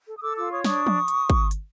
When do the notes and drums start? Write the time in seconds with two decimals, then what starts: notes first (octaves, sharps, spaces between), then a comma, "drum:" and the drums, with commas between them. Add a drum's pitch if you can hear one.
0.08 A4
0.17 D#6
0.22 A4 D6 E6
0.36 F4 D6 E6
0.50 C#5 C#6 D#6
0.64 D4 C#6 D#6, drum: snare
0.87 drum: tom F3
1.08 drum: hi-hat
1.30 drum: kick
1.51 drum: hi-hat